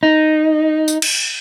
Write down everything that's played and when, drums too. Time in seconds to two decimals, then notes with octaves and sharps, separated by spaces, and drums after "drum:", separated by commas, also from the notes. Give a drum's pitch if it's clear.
0.03 D#4
0.88 drum: tambourine
1.02 drum: cymbal